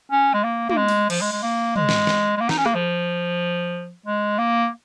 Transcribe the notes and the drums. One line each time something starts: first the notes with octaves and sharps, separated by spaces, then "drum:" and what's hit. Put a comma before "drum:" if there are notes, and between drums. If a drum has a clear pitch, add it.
C#4
G#3
A#3
A#3, drum: tom
G#3
drum: open hi-hat
F3, drum: cymbal
G#3
G#3
A#3
G#3, drum: tom
drum: snare
drum: snare
G#3
A#3
D#4, drum: snare
C#4
A#3, drum: rim click
F3
G#3
A#3